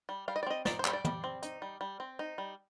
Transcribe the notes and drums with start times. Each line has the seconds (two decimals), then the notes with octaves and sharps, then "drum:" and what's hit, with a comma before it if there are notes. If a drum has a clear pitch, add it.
0.09 G3
0.28 G3 F5
0.36 D#5
0.43 D5
0.46 C4 D#5
0.65 D#4 D5, drum: snare
0.79 C5
0.85 G3, drum: clap
0.93 D5
1.05 G3, drum: tom
1.24 C4
1.43 D#4, drum: hi-hat
1.62 G3
1.81 G3
2.00 C4
2.19 D#4
2.38 G3